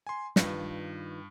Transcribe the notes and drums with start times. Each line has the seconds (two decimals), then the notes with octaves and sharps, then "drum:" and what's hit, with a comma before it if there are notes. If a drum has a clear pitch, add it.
0.07 G#5 C6
0.36 G2 D#3 F4 B4, drum: snare